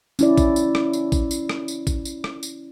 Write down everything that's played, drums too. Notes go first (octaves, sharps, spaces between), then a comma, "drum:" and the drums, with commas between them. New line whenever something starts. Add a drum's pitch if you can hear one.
C#4 E4 D5, drum: tambourine
drum: kick A1, tambourine
drum: tambourine
drum: rim click
drum: tambourine
drum: kick A1, tambourine
drum: tambourine
drum: rim click
drum: tambourine
drum: kick A1, tambourine
drum: tambourine
drum: rim click
drum: tambourine